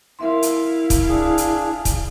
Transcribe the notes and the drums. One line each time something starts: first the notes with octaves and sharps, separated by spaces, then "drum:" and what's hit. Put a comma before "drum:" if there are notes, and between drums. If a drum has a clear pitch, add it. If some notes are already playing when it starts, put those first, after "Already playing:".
E4 A#4 E5 F5 C6
drum: hi-hat
drum: kick, hi-hat
D4 G#4
drum: hi-hat
drum: kick, hi-hat